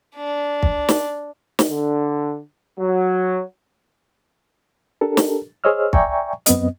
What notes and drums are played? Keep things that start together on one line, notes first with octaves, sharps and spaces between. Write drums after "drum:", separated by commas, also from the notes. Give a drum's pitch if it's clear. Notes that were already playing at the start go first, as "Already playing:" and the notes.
D4
drum: kick
drum: snare
drum: snare
D3
F#3
D4 G4 A4 A#4
drum: snare
G#4 C5 C#5 D#5 E6 F6
D5 E5 G5 G#5 A#5 C#6, drum: kick
F#2 B3 C4 D#5, drum: hi-hat